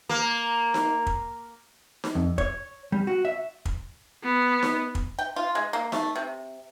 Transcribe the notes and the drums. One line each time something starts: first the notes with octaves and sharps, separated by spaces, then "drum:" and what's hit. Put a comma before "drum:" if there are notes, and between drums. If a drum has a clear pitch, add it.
A#3
drum: snare D#4
drum: kick
drum: snare D#4
F2
C#5, drum: kick
G3
F#4
E5
drum: kick
B3
drum: snare D#4
drum: kick
G5
F4
G#3
A#3
A3, drum: snare D#4
C3